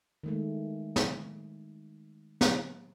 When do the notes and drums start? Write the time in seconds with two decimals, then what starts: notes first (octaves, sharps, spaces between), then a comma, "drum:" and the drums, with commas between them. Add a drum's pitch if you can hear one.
0.23 D#3 G#3 A3
0.96 drum: snare
2.41 drum: snare